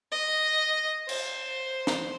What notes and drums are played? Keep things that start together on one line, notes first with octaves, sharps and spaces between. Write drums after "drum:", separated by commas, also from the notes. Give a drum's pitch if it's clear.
D#5
C5, drum: cymbal
drum: snare